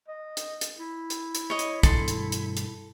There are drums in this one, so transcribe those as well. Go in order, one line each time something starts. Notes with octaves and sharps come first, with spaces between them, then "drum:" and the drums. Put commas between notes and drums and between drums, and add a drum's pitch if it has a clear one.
D#5
drum: hi-hat
drum: hi-hat
E4
drum: hi-hat
drum: hi-hat
C#5 D#5
drum: hi-hat
G2 B2 D#3 A4 C6, drum: kick, hi-hat
drum: hi-hat
drum: hi-hat
drum: hi-hat